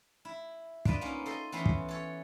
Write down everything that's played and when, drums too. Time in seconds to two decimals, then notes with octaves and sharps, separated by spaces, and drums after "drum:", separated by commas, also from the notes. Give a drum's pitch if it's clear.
0.25 E4
0.85 D4 F4 B4 D#5, drum: kick
1.01 A#3 B3 C#4 D#4
1.26 A4 C5 D#5 C6
1.52 E3 B3 C#4 B4 C5 C6
1.66 drum: kick
1.89 A4 C#5